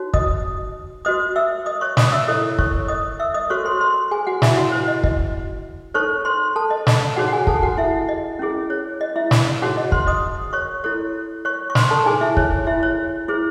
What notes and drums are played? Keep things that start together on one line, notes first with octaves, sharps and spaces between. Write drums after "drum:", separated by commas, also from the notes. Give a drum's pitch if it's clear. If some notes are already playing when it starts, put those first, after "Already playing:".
Already playing: D#4 F#4 C#5
D#5 D#6, drum: kick
F#4 C5 D#5 D#6
E5 E6
D#5 D#6
C#5 C#6
D#5 D#6, drum: snare
E5 E6
E4 A4 C#5 D#5 D#6
C#5 C#6, drum: kick
D#5 D#6
E5 E6
D#5 D#6
F#4 A4 C5 C#5 C#6
C5 C6
C5 C6
G#4 G#5
F#4 F#5
E4 E5, drum: snare
F#4 F#5
E4 C5
D#5
D#5, drum: kick
D#4 A4 C5 C#5 C#6
C5 C6
A4 A5
D#5
D#5, drum: snare
D#4 F#4 G#4 C#5 F#5
F#5
G#4 G#5
A4 A5, drum: kick
F#4 F#5
E4 E5
D#5
C#4 E4 G#4
C#5
D#5
E4 E5
drum: snare
D#4 F#4 G#4 C#5 F#5
D#5
C5 C6, drum: kick
D#5 D#6
C#5 C#6
E4 A4 C#5
C#5 C#6
C#6
C5 C6, drum: snare
A4 A5
D#4 G#4 C5 G#5
E4 E5
C#5, drum: kick
E4 E5
C#5
E4 G#4 C5